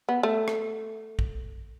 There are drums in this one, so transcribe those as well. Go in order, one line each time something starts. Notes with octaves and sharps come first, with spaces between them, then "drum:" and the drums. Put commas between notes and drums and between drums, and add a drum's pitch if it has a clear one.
B3
A3
drum: rim click
drum: kick A#1